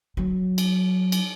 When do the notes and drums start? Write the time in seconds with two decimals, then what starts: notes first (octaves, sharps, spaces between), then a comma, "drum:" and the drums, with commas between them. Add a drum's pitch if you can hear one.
0.17 F#3
0.58 drum: cymbal
1.12 drum: cymbal